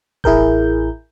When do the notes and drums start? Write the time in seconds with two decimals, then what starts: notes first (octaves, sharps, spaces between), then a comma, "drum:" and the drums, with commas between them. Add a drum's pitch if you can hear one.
0.24 A1 E4 G#4 A#4 G6, drum: kick E1